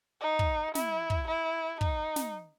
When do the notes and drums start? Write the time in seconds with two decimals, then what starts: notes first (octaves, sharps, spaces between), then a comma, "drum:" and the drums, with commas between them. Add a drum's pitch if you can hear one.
0.21 D#4
0.39 drum: kick
0.75 E4, drum: snare
1.10 drum: kick
1.28 E4
1.81 D#4, drum: kick
2.16 drum: snare